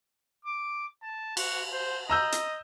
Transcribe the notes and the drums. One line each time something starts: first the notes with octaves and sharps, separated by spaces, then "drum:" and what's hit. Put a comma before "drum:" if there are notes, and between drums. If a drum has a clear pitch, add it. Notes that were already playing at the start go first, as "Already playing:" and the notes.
D6
A5
F#4, drum: cymbal
C5
D#5 A#5 E6 G6
drum: hi-hat